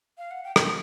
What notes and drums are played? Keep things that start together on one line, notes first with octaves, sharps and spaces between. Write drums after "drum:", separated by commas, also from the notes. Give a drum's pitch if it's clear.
F5
F#5
G5
G5, drum: rim click